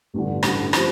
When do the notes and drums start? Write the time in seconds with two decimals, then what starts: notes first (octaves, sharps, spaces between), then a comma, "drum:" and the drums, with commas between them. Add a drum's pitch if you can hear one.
0.14 A1 G2 D3
0.43 A1 G2 D3, drum: rim click
0.73 F3 C4 G4, drum: rim click